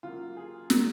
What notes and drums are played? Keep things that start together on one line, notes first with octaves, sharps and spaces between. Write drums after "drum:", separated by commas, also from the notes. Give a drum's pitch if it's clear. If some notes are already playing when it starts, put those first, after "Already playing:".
C#3 F#3 A#3 F4
G#4
A#4, drum: snare